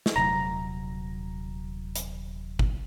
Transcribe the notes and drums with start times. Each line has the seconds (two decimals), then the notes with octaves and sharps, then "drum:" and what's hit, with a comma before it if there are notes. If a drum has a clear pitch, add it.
0.06 drum: snare
0.16 D#1 C3 F#3 A#5
1.96 drum: hi-hat
2.59 drum: kick G1